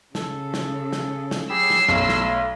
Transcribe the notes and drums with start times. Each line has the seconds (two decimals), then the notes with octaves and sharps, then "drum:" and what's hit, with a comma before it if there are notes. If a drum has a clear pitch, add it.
0.15 C#3 A4, drum: snare
0.54 drum: snare
0.93 drum: snare
1.31 drum: snare
1.50 F#3 G4 G#4 B5 E6 C7
1.70 drum: snare
1.89 B1 A3 B5 C6
2.09 drum: snare